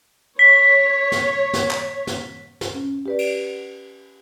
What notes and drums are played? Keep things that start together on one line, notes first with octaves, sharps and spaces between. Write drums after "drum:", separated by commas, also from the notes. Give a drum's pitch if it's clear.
C#5 B6
drum: snare
drum: snare
drum: clap
drum: snare
drum: snare
C#4
G4 B4 D5
drum: cymbal